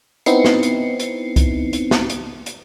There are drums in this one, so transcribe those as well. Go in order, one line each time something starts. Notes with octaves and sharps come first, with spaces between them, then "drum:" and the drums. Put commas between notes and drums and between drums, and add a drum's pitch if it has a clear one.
B3 C4 D#4 E4 C7 C#7, drum: hi-hat
drum: snare
drum: hi-hat
drum: hi-hat
drum: kick C2, hi-hat
drum: hi-hat
drum: snare
drum: hi-hat
drum: hi-hat